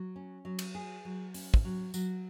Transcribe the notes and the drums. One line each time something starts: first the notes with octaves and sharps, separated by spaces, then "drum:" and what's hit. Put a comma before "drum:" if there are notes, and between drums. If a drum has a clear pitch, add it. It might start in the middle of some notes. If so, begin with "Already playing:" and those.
Already playing: F#3
C#4
F#3
drum: cymbal
G#4
F#3
C#4, drum: open hi-hat
drum: kick
F#3
F#3, drum: tambourine